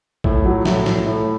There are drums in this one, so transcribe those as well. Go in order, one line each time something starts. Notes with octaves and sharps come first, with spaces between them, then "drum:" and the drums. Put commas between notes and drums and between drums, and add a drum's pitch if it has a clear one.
A2, drum: kick
F#3
A2, drum: snare
A2, drum: snare
A2